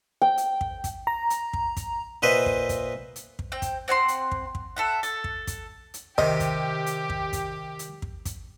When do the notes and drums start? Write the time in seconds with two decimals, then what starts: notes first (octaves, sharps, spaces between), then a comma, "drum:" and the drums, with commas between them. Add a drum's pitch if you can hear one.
0.22 G5
0.38 drum: hi-hat
0.61 drum: kick
0.84 drum: kick, hi-hat
1.07 A#5
1.30 drum: hi-hat
1.53 drum: kick
1.77 drum: kick, hi-hat
2.22 A#2 B4 C5 D#5 E5
2.46 drum: kick
2.69 drum: kick, hi-hat
3.16 drum: hi-hat
3.39 drum: kick
3.52 C4 G5
3.62 drum: kick, hi-hat
3.88 C4 F#5 G#5 C6
4.08 drum: hi-hat
4.31 drum: kick
4.55 drum: kick
4.76 A4 E5 F#5
5.03 A4, drum: hi-hat
5.24 drum: kick
5.47 drum: kick, hi-hat
5.94 drum: hi-hat
6.18 C3 D#3 G4 D#5, drum: kick
6.40 drum: kick, hi-hat
6.86 drum: hi-hat
7.10 drum: kick
7.33 drum: kick, hi-hat
7.79 drum: hi-hat
8.02 drum: kick
8.25 drum: kick, hi-hat